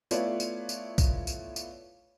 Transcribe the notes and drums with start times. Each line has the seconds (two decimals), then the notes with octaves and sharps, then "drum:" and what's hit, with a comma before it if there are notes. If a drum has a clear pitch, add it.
0.11 A3 B3 E4 F4 C#5 D5, drum: tambourine
0.40 drum: tambourine
0.69 drum: tambourine
0.98 drum: kick B1, tambourine
1.27 drum: tambourine
1.56 drum: tambourine